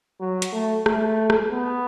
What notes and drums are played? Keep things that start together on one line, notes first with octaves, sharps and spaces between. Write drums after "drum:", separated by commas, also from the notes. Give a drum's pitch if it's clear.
F#3
drum: hi-hat
A3
A3, drum: rim click
drum: rim click
B3